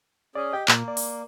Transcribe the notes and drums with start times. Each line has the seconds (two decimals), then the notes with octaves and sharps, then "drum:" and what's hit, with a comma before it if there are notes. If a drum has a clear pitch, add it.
0.35 C#4 G#4 D5
0.53 G4 D#5 G5
0.68 A#2 A#3, drum: clap
0.88 D5
0.97 drum: open hi-hat